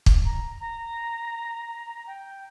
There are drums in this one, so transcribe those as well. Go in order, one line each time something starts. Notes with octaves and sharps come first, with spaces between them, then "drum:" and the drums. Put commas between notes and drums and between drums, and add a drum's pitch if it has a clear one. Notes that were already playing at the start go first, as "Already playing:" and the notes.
drum: kick
A#5
A#5
G5